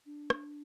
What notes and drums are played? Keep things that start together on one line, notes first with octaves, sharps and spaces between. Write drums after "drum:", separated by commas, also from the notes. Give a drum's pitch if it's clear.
D4
drum: rim click